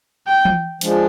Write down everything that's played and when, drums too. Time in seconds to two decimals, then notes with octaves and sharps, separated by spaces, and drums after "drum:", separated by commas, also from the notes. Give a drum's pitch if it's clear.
0.27 G5
0.45 drum: tom E3
0.81 F3 G#3 D4, drum: hi-hat